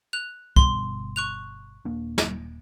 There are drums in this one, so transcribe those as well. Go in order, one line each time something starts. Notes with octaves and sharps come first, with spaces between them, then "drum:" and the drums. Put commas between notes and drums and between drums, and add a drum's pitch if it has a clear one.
F#6 F7
G1 B2 G3 C6, drum: kick
C#6 F#6 F7
D#1 A#3 D4
drum: snare